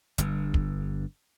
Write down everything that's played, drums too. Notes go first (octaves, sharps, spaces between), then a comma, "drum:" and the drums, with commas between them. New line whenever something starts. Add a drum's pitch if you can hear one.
G1 G2, drum: hi-hat
drum: kick